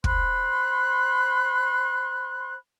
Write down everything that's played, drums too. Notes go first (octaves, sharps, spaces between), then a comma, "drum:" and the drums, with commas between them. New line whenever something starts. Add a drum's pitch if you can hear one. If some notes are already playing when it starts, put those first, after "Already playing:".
C5 B5 C6 F#6, drum: kick